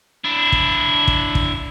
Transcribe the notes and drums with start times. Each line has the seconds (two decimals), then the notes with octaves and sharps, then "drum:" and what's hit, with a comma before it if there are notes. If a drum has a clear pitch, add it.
0.25 D4 E4
0.52 drum: kick
1.07 drum: kick
1.35 drum: kick